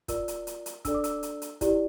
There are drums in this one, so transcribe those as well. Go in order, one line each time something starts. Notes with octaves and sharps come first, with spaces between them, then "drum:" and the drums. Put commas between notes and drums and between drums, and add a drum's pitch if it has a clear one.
F4 A#4 D5 E6, drum: kick, hi-hat
drum: hi-hat
drum: hi-hat
drum: hi-hat
D4 A4 D5 E6, drum: kick, hi-hat
D6
E6, drum: hi-hat
drum: hi-hat
drum: hi-hat
E4 G4 D5, drum: kick, hi-hat